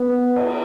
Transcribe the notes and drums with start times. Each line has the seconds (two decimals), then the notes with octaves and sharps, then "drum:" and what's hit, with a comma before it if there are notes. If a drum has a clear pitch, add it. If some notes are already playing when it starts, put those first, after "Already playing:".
Already playing: B3
0.36 drum: cymbal